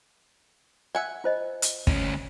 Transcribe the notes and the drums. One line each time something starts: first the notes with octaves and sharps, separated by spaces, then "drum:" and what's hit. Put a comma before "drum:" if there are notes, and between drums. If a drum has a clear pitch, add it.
E5 F#5 G#5
F4 C5 D#5
drum: hi-hat
D2 C#4, drum: kick